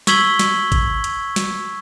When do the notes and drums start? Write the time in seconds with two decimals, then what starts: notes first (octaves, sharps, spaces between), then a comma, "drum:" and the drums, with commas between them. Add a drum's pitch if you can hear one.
0.07 C#6 E6 G#6 B6 F#7 G7, drum: snare
0.39 drum: snare
0.72 drum: kick G#1, hi-hat
1.04 drum: hi-hat
1.36 drum: snare